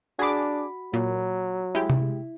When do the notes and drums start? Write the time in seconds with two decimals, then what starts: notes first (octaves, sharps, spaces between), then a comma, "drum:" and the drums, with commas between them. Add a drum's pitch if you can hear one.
0.19 D4 F#4 G#4 B5 D6
0.93 A#2 F#3
1.75 G#3 E4 G4
1.90 drum: tom C3